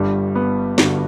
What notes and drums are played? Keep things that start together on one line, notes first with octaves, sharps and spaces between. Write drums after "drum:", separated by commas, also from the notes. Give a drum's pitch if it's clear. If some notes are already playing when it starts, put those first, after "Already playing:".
Already playing: G1 G2 D3 G3
B3
G1 G2 D3 F#4, drum: snare